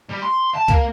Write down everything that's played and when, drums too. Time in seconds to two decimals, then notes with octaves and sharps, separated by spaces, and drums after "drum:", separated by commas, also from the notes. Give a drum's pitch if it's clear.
0.09 G3
0.22 C6
0.55 A5
0.68 A#3 A#4, drum: kick, hi-hat